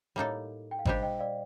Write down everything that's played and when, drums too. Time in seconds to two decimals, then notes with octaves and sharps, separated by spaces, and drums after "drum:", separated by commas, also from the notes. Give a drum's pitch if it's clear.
0.16 A2 G3 A#3 D#4 A4
0.71 G5
0.79 F5
0.85 A#2 G3 D4 G4 C5 D#5, drum: kick G#1
1.03 D#5 G5
1.19 D5 F5